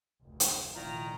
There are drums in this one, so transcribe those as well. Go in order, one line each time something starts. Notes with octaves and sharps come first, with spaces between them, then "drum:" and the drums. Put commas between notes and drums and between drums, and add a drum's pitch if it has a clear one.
F1 D2
drum: hi-hat
F1 A#2 D#3 E4 F4 D5 A#5